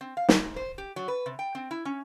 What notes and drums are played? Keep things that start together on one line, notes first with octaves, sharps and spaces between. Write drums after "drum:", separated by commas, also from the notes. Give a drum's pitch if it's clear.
C4
F5
G#2, drum: snare
C5
G4
F#3
B4
C3
G5
C4
E4
C#4